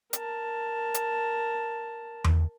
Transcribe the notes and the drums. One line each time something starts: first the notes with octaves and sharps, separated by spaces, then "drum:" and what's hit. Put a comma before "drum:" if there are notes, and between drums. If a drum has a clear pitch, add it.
A#4 A5, drum: hi-hat
drum: hi-hat
drum: tom E2